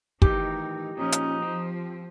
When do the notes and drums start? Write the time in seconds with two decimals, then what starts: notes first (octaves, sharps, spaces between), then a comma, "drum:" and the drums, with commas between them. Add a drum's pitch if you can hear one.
0.22 A2 D#3 E3 D#4 G4, drum: kick
0.97 A#2 F3 C#4 D#4
1.12 drum: hi-hat
1.42 F3 C4